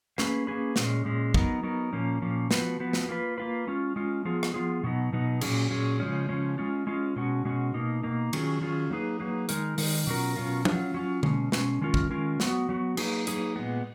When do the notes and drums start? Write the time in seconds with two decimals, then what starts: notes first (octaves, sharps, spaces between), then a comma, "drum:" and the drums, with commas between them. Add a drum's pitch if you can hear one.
0.18 A#3 C#4 G#4 B4, drum: snare
0.47 A#3 C#4 G#4 B4
0.76 A#2 G#3 C#4, drum: snare
1.05 A#2 G#3 C#4
1.34 F#3 B3 D#4 A#4, drum: kick
1.63 F#3 B3 D#4 A#4
1.93 A#2 F3 A#3 C#4
2.22 A#2 F3 A#3 C#4
2.51 F3 B3 F#4 B4, drum: snare
2.80 F3 B3 F#4 B4
2.93 drum: snare
3.09 A#3 F4 B4
3.38 A#3 F4 B4
3.67 G#3 C#4 F4
3.96 G#3 C#4 F4
4.25 F3 B3 F4 G#4
4.43 drum: rim click
4.54 F3 B3 F4 G#4
4.84 B2 F#3 B3 D#4
5.13 B2 F#3 B3 D#4
5.41 A#2 F#3 C#4 G#4, drum: cymbal
5.70 A#2 F#3 C#4 G#4
6.00 C#3 F3 G#3 C#4
6.29 C#3 F3 G#3 C#4
6.58 G#3 C#4 F4
6.87 G#3 C#4 F4
7.16 B2 G#3 C#4 F#4
7.45 B2 G#3 C#4 F#4
7.74 B2 A#3 D#4
8.03 B2 A#3 D#4
8.33 D#3 F#3 C#4 F4 G#4, drum: cymbal
8.61 D#3 F#3 C#4 F4 G#4
8.90 F#3 A#3 D#4 G#4 B4
9.20 F#3 A#3 D#4 G#4 B4
9.49 D#3 G#3 D#4 A#4, drum: hi-hat
9.78 D#3 G#3 D#4 A#4, drum: open hi-hat
10.07 B2 F#3 C#4 F4 A#4
10.36 B2 F#3 C#4 F4 A#4
10.65 F#3 C#4 F4, drum: tom
10.94 F#3 C#4 F4
11.23 B2 G#3 C#4, drum: tom D3
11.52 B2 G#3 C#4, drum: snare
11.82 D#3 G#3 C#4 F4 A#4
11.94 drum: kick
12.10 D#3 G#3 C#4 F4 A#4
12.40 F#3 B3 F#4, drum: snare
12.69 F#3 B3 F#4
12.97 F#3 A#3 D#4 G#4 B4, drum: cymbal
13.27 F#3 A#3 D#4 G#4 B4, drum: hi-hat
13.56 A#2 G#3 B3